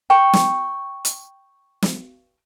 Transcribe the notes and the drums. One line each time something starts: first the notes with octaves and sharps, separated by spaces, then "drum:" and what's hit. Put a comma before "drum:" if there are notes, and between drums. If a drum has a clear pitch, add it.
G5 C#6
drum: snare
drum: hi-hat
drum: snare